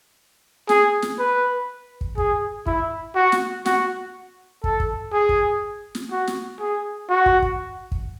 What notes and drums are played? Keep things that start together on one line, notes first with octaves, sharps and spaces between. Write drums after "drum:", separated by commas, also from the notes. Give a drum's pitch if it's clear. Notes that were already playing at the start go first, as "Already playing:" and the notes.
G#4, drum: snare
drum: snare
B4
drum: kick
G#4, drum: kick
E4, drum: kick
F#4
drum: snare
F#4, drum: snare
A4, drum: kick
drum: kick
G#4
drum: kick
drum: snare
F#4
drum: snare
G#4
F#4
drum: kick
drum: kick
drum: kick